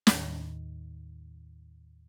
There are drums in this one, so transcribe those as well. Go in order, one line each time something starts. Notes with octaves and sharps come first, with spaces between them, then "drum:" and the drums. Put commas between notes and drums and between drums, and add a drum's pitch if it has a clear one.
D#2 A2 D#3, drum: snare